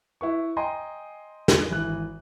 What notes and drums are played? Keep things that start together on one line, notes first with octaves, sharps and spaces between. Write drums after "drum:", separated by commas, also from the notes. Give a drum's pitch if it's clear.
E4 B4 C#6
D#5 G5 G#5 A#5 C6
drum: snare
G#1 E3 F#6